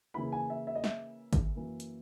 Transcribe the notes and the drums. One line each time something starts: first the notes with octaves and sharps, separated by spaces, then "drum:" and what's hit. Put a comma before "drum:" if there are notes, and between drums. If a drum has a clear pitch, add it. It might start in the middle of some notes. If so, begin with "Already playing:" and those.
C#3 E3 A#3 E4 B5
G#5
E5
E5
D#5
E5, drum: snare
drum: kick G#1, hi-hat
F#2 E3 A#3
drum: hi-hat